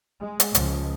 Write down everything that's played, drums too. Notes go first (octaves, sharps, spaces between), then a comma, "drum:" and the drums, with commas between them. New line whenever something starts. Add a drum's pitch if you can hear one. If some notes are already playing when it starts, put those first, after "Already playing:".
G#3
drum: hi-hat
C#2 F3, drum: hi-hat